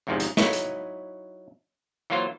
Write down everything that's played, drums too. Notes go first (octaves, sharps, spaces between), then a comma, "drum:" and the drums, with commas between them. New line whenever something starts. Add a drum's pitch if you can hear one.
G#1 E2 G#2 C3 D#3 F3
drum: hi-hat
F#3 D#4 E4 C#5 D#5, drum: snare
drum: hi-hat
E3 F#3 A#3 F4 C5